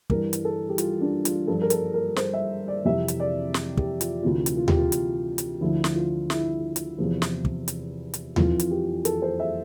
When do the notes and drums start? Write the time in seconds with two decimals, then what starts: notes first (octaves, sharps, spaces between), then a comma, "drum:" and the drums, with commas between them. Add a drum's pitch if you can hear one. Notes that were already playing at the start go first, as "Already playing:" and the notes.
0.10 G2 E3 A#4, drum: kick
0.33 drum: hi-hat
0.45 A4
0.69 G4
0.78 F4, drum: hi-hat
1.01 D4
1.25 F4, drum: hi-hat
1.47 G2 F3 A4
1.62 A#4
1.70 A4, drum: hi-hat
1.94 A#4
2.16 C5, drum: snare
2.33 E5
2.68 D5
2.85 F2 C3 E3 E5
3.08 drum: hi-hat
3.20 D5
3.54 drum: snare
3.77 G4, drum: kick
4.01 F4, drum: hi-hat
4.23 D2 C3 E3 F4
4.46 drum: hi-hat
4.57 F4
4.68 G4, drum: tom D#2
4.77 F4
4.92 drum: hi-hat
5.38 drum: hi-hat
5.61 D2 D3 F3 E4
5.84 drum: snare
5.96 F4
6.30 E4, drum: snare
6.76 drum: hi-hat
6.98 E2 C3 F3
7.22 drum: snare
7.45 drum: kick
7.68 drum: hi-hat
8.14 drum: hi-hat
8.36 F2 E3 F4, drum: tom D#2
8.60 drum: hi-hat
8.71 G4
9.05 A4, drum: hi-hat
9.22 C5
9.39 E5